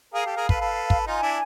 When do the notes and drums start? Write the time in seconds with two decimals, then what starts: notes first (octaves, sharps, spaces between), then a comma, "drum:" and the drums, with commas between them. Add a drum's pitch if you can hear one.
0.14 G#4 A#4 F5
0.26 G4 A4
0.37 G#4 A#4
0.49 A4 B4, drum: kick
0.61 A4 B4
0.90 drum: kick
1.06 D#4 F4 G#5
1.22 D4 E4